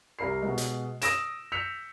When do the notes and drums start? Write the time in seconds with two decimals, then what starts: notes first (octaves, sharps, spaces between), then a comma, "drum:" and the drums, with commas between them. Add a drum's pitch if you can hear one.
0.19 C2 A#4 B5 C7
0.42 B2 G#3
0.58 drum: hi-hat
1.02 D#6 E6 A#6 D7 E7, drum: hi-hat
1.52 E6 G6 B6 C#7 F7